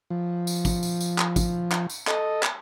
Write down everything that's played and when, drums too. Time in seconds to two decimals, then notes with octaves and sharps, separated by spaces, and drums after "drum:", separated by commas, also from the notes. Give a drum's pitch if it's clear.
0.10 F3
0.47 drum: tambourine
0.65 drum: kick, tambourine
0.83 drum: tambourine
1.01 drum: tambourine
1.18 drum: clap
1.36 drum: kick, tambourine
1.72 drum: clap
1.90 drum: tambourine
2.07 A4 D#5, drum: clap
2.43 drum: clap